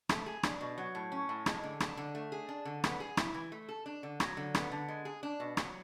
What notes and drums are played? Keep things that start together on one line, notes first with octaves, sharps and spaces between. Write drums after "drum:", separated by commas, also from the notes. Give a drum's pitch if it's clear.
A3, drum: rim click
G#4
D4, drum: rim click
B2
F#3
A2
C#4
A2
G#3, drum: rim click
D3
D4, drum: rim click
D3
A3
G#4
D4
D3
B3, drum: rim click
G#4
E4, drum: rim click
E3
A3
A4
D4
D3
F#3, drum: rim click
D3
B3, drum: rim click
D3
G#3
G#4
D4
B2
F#3, drum: rim click